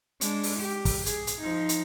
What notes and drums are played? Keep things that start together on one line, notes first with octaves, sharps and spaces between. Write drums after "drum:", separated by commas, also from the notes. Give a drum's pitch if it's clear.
G#3 D4, drum: hi-hat
drum: open hi-hat
G4
drum: kick, open hi-hat
G#4, drum: hi-hat
drum: hi-hat
F3 D#4
drum: hi-hat